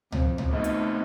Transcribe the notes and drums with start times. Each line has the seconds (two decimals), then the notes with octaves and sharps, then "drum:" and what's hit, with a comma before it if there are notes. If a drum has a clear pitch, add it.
0.12 F2, drum: tom C#2
0.38 drum: tom C#2
0.53 A3 B3 C4 D#4 D#5
0.64 drum: hi-hat